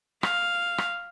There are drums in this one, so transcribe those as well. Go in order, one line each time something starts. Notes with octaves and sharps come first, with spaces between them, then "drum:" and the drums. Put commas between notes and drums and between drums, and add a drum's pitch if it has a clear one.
F5, drum: rim click
drum: rim click